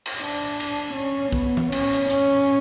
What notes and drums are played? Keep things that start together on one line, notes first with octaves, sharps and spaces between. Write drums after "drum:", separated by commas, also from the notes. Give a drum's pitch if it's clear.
drum: cymbal
D4
drum: cymbal
C#4
B3, drum: kick A#1
drum: tom E3
C#4, drum: cymbal
drum: hi-hat
C#4, drum: hi-hat